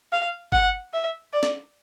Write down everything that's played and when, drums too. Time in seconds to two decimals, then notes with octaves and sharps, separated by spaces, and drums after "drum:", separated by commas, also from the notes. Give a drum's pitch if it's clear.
0.12 F5
0.52 F#5, drum: kick G1
0.93 E5
1.33 D5
1.43 drum: snare